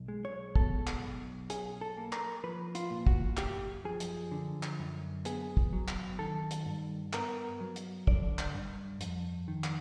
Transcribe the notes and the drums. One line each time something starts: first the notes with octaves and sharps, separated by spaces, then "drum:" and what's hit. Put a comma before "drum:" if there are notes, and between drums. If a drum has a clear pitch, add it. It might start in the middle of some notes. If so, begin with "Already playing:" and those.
Already playing: B1
G#3
C#5
B2 A4, drum: kick
drum: clap
B1
C#4 G#4, drum: hi-hat
A4
A#3
A#4, drum: clap
F3 B4
F4, drum: hi-hat
A#2
F#4, drum: kick
F#2 G4, drum: clap
F3 G#4
drum: hi-hat
D3
drum: clap
F#2
B3 G#4, drum: hi-hat
drum: kick
F#3
drum: clap
D#3 A4
drum: hi-hat
G2
B3 A#4, drum: clap
F#3
drum: hi-hat
D3 D5, drum: kick
drum: clap
G2
F2, drum: hi-hat
D#3
drum: clap